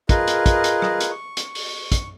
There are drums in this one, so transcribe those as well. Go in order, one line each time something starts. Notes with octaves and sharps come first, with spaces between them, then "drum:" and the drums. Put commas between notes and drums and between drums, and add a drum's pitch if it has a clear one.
F4 G#4 A#4 B4 D#5, drum: kick, hi-hat
drum: hi-hat
drum: kick, hi-hat
drum: hi-hat
drum: rim click
drum: hi-hat
C#6
drum: hi-hat
drum: open hi-hat
drum: kick, hi-hat